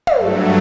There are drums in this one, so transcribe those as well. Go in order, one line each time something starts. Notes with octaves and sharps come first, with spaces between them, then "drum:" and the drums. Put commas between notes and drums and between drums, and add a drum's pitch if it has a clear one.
drum: tom
G2 F#3 A3 A4